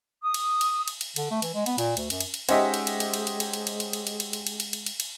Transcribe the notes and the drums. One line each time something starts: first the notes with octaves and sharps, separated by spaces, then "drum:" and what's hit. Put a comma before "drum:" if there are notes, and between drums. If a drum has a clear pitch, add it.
D#6
drum: cymbal
drum: cymbal
drum: cymbal
drum: cymbal
D3, drum: cymbal
A3
E3, drum: cymbal
G#3
B3, drum: cymbal
A#2, drum: cymbal
D2, drum: cymbal
F#2, drum: cymbal
drum: cymbal
drum: cymbal
G#3 C#4 D#4 G4 C5 D#5 E5 F#5, drum: cymbal
drum: cymbal
drum: cymbal
drum: cymbal
drum: cymbal
drum: cymbal
drum: cymbal
drum: cymbal
drum: cymbal
drum: cymbal
drum: cymbal
drum: cymbal
drum: cymbal
drum: cymbal
drum: cymbal
drum: cymbal
drum: cymbal
drum: cymbal
drum: cymbal